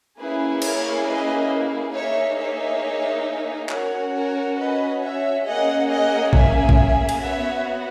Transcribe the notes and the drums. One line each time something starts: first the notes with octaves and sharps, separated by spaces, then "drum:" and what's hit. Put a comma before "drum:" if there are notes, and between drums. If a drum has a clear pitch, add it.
A#3 C#4 E4 G#4 B4
A#4 C#5, drum: cymbal
B4 D#5
A#3 D#4 G#4 C#5 E5
C#5 E5
C#4 F#4 A#4 C#5, drum: clap
A#4 C#5
B4 D#5
C#5 E5
A#3 C#4 G#4 D#5 F#5
D#5 F#5
E5 G#5, drum: kick A#1
drum: kick A#1
drum: cymbal
B3 F#4 C#5 E5